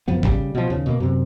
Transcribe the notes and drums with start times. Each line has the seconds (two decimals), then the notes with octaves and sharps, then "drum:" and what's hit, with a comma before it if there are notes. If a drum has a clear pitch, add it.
0.08 F#1 F#2 F3 B3
0.23 C#3 E3 G3, drum: kick
0.55 B2 F3
0.70 D#2 C#3
0.86 B2 A#3
1.00 F#2 C3